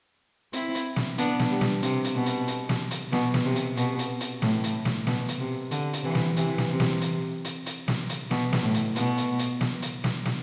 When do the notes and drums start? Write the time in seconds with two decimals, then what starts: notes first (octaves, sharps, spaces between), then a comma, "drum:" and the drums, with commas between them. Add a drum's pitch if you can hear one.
0.53 C4 E4, drum: hi-hat
0.75 drum: hi-hat
0.96 drum: snare
1.18 B3 D4, drum: hi-hat
1.39 drum: snare
1.50 G3 B3
1.61 drum: snare
1.83 C3, drum: hi-hat
2.04 drum: hi-hat
2.15 B2
2.26 drum: hi-hat
2.48 drum: hi-hat
2.69 drum: snare
2.91 drum: hi-hat
3.13 B2, drum: snare
3.34 drum: snare
3.45 C3
3.56 drum: hi-hat
3.77 B2, drum: hi-hat
3.99 drum: hi-hat
4.20 drum: hi-hat
4.42 A2, drum: snare
4.64 drum: hi-hat
4.85 drum: snare
5.07 B2, drum: snare
5.28 drum: hi-hat
5.40 C3
5.71 D3, drum: hi-hat
5.93 drum: hi-hat
6.04 C3 E3
6.15 drum: snare
6.37 C3 E3, drum: hi-hat
6.58 drum: snare
6.69 C3
6.80 drum: snare
7.01 drum: hi-hat
7.45 drum: hi-hat
7.66 drum: hi-hat
7.88 drum: snare
8.09 drum: hi-hat
8.31 B2, drum: snare
8.53 drum: snare
8.63 A2
8.74 drum: hi-hat
8.96 B2, drum: hi-hat
9.17 drum: hi-hat
9.39 drum: hi-hat
9.61 drum: snare
9.82 drum: hi-hat
10.04 drum: snare
10.26 drum: snare